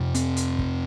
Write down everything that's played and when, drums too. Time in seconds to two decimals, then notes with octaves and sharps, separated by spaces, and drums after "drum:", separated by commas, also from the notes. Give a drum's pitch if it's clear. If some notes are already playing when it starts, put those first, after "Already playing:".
Already playing: F2 C3
0.15 C4, drum: hi-hat
0.37 drum: hi-hat
0.59 drum: kick